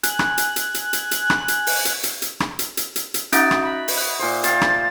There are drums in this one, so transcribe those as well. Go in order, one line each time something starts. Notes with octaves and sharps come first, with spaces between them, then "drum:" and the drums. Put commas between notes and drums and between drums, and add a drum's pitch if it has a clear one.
G#5 F#6, drum: hi-hat
drum: rim click
drum: hi-hat
drum: hi-hat
drum: hi-hat
drum: hi-hat
drum: hi-hat
drum: rim click
drum: hi-hat
drum: open hi-hat
drum: hi-hat
drum: hi-hat
drum: hi-hat
drum: rim click
drum: hi-hat
drum: hi-hat
drum: hi-hat
drum: hi-hat
C#4 D#4 F#4 E5 G6 A6 D7, drum: hi-hat
drum: rim click
B5
drum: open hi-hat
F#6
A#2 C5
C5 F5 G5 A6, drum: hi-hat
drum: rim click